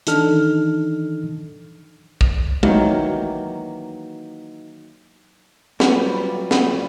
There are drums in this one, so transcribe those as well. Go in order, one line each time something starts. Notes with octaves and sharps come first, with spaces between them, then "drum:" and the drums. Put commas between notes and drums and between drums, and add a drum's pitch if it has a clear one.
D#3 E3 D4 D#4 A4 F6, drum: hi-hat
drum: kick
D#3 E3 F#3 A#3, drum: tom
F#3 G3 F4 B4, drum: snare
drum: snare